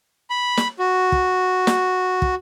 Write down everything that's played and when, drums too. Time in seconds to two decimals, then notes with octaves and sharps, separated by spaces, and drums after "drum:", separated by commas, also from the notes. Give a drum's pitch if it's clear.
0.30 B5
0.57 drum: snare
0.79 F#4
1.12 drum: kick
1.67 drum: snare
2.22 drum: kick